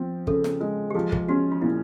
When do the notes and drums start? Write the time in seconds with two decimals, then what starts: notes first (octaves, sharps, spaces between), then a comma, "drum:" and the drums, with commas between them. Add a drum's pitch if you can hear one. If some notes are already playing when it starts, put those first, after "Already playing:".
Already playing: F3 C4
0.27 C#3 A4, drum: kick
0.44 drum: snare
0.61 G#3
0.90 G4
0.95 F3 G#4
1.12 G#4, drum: kick
1.28 C#4 F#4
1.52 F4
1.62 A#2 E4